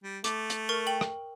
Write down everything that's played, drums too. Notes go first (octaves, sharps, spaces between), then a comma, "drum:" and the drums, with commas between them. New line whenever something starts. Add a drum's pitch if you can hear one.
G3
A3 D6, drum: hi-hat
drum: hi-hat
A#4 C#6
G5 F#7
drum: rim click